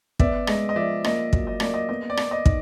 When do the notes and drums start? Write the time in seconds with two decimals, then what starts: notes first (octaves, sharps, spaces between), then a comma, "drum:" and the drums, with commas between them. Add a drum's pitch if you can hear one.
0.19 B3 D5 E5, drum: kick
0.47 G#3 D#5, drum: rim click
0.69 D#5
0.76 F3 D5 E5
1.04 A#3 D#5, drum: rim click
1.33 F#3, drum: kick
1.47 D#5
1.60 A#3 D5, drum: rim click
1.74 D#5
1.89 B3 D#5
2.10 D5
2.17 B3, drum: rim click
2.31 D#5
2.46 D#4, drum: kick